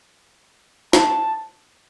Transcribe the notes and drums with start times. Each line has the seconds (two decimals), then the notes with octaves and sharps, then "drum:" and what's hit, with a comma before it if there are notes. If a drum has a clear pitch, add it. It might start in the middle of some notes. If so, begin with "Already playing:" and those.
0.93 A5, drum: snare